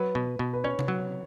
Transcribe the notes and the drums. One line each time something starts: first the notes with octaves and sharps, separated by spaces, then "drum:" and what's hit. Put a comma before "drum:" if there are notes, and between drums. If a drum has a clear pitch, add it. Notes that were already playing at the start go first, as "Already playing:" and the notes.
Already playing: F#3 B4
B2
B2
B4
C#4 C#5
drum: tom C3
F#3